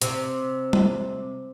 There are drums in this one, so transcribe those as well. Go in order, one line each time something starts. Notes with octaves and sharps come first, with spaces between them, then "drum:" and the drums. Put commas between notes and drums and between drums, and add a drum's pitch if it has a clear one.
C3, drum: hi-hat
drum: tom G3